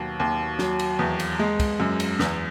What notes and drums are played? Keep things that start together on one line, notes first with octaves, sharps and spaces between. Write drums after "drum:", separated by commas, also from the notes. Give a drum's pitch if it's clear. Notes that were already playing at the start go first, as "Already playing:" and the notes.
Already playing: D#2 B2 F#3
D#2
F#3, drum: snare
drum: cymbal
E2
drum: cymbal
G#3
drum: kick, cymbal
F#2
drum: cymbal
E2, drum: snare